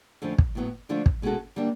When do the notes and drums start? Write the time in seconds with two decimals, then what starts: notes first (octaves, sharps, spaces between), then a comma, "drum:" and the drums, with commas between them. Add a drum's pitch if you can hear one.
0.22 F2 D3 F3 A3 C#4
0.38 drum: kick
0.55 A2 F#3 B3
0.89 D3 F3 A3 D4 F4
1.06 drum: kick
1.22 B2 G#3 C#4 F#4 A4
1.56 D3 G3 A#3 D4